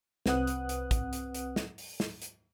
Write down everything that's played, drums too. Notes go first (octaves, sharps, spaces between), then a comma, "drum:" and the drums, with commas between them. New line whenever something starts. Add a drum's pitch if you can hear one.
C2 C4 B4 F#5 D#6 F#6, drum: snare
drum: hi-hat
drum: hi-hat
drum: kick, hi-hat
drum: hi-hat
drum: hi-hat
drum: snare
drum: open hi-hat
drum: snare
drum: hi-hat